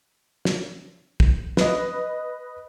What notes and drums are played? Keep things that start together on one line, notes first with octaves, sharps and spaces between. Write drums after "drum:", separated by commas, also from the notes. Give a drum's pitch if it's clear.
drum: snare
drum: kick
B4 D#5, drum: snare